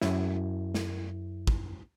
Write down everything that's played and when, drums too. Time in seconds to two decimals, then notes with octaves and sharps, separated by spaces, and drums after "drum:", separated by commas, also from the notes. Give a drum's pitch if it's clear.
0.02 F#2 E4, drum: snare
0.74 drum: snare
1.47 drum: kick